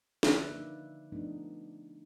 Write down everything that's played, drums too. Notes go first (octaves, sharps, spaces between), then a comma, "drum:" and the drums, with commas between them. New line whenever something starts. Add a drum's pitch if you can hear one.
D3 F3 B4 D5 E5, drum: snare
A#3 D#4
F3 A3 B3 D4 D#4